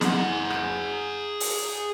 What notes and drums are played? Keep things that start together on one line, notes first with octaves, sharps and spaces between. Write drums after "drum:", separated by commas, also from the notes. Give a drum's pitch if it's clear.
G#4 F#5, drum: snare
drum: rim click
drum: open hi-hat